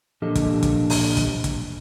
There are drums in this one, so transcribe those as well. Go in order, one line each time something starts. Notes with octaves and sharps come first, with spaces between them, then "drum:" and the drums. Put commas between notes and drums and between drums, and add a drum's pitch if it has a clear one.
A#2 F3 D4 G4 A4 D#5
drum: kick, hi-hat
drum: kick, hi-hat
drum: open hi-hat
drum: kick, hi-hat
drum: kick, hi-hat